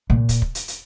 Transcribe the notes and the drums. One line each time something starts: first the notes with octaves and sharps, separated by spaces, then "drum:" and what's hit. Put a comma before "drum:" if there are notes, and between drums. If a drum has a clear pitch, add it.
A#2
drum: kick, hi-hat
drum: kick
drum: hi-hat
drum: hi-hat